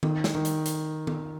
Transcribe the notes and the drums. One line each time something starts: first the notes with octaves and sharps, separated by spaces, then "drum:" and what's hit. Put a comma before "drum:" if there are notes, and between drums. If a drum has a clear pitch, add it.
D#3, drum: tom D#3
drum: snare
D#3
drum: hi-hat
drum: hi-hat
drum: tom D#3